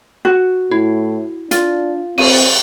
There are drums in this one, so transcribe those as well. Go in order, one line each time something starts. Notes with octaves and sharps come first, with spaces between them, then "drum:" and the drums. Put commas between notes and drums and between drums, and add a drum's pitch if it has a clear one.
F#4
A2 E4
D4 F4, drum: hi-hat
C4 D#7, drum: cymbal